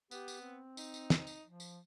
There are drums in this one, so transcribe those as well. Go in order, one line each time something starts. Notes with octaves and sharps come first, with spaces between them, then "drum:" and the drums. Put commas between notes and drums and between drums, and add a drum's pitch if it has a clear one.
B3 G4, drum: tambourine
drum: tambourine
C4
D#4, drum: tambourine
drum: tambourine
drum: snare
drum: tambourine
F3
drum: tambourine